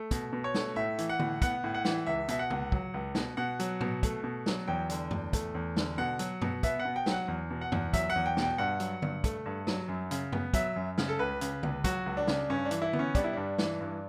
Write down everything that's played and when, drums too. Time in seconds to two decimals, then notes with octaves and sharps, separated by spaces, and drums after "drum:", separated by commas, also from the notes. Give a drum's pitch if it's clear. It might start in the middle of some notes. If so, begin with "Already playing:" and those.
Already playing: A3
0.11 B2, drum: kick, hi-hat
0.33 B2
0.44 C#5
0.54 A3, drum: snare
0.76 A2 E5
0.98 E3, drum: hi-hat
1.09 F#5
1.19 A2, drum: tom D3
1.42 B3 F#5, drum: kick, hi-hat
1.64 A2
1.74 F#5
1.85 E3, drum: snare
2.07 C#2 E5
2.28 B2 E5, drum: hi-hat
2.39 F#5
2.50 C#2, drum: tom
2.72 F#3, drum: kick
2.94 C#2
3.15 B2, drum: snare
3.37 B2 F#5
3.59 F#3, drum: hi-hat
3.81 B2, drum: tom A2
4.03 A3, drum: kick, hi-hat
4.24 B2
4.46 F#3, drum: snare
4.68 E2 G5
4.90 D3, drum: hi-hat
5.11 E2, drum: tom F#2
5.33 A3, drum: kick, hi-hat
5.55 E2
5.77 D3, drum: snare
5.98 B2 F#5
6.19 F#3, drum: hi-hat
6.42 B2, drum: tom F#2
6.63 B3 E5, drum: kick, hi-hat
6.79 F#5
6.85 B2
6.96 G5
7.06 F#3, drum: snare
7.12 F#5
7.28 E2
7.50 B2
7.61 F#5
7.72 E2, drum: tom F#2
7.93 F#3 E5, drum: kick, hi-hat
8.10 F#5
8.16 E2
8.26 G5
8.37 B2, drum: snare
8.42 G5
8.58 G2 F#5
8.80 F#3, drum: hi-hat
9.02 G2, drum: tom D3
9.24 A3, drum: kick, hi-hat
9.46 G2
9.67 F#3, drum: snare
9.88 F#2
10.11 C#3, drum: hi-hat
10.32 B3, drum: tom F#2
10.54 F#3 E5, drum: kick, hi-hat
10.76 F#2
10.98 C#3, drum: snare
11.08 A4
11.19 C#2 B4
11.41 C#3, drum: hi-hat
11.63 C#2, drum: tom D3
11.84 F#3 F#4, drum: kick, hi-hat
12.06 C#2
12.17 D4
12.27 C#3, drum: snare
12.50 G2 C#4
12.65 D4
12.71 E3, drum: hi-hat
12.82 E4
12.93 B3, drum: tom D3
12.99 C#4
13.15 G3 D4, drum: kick, hi-hat
13.24 E4
13.33 G2 D4
13.58 E3, drum: snare
13.81 G2